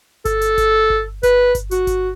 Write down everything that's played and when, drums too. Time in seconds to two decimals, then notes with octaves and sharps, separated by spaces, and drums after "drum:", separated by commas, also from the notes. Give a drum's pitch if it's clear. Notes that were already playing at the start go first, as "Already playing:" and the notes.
0.25 A4, drum: kick G1, hi-hat
0.41 drum: hi-hat
0.58 drum: kick G1, hi-hat
0.90 drum: kick G1
1.23 B4, drum: kick G1, hi-hat
1.55 drum: kick G1, hi-hat
1.71 F#4, drum: hi-hat
1.87 drum: kick G1, hi-hat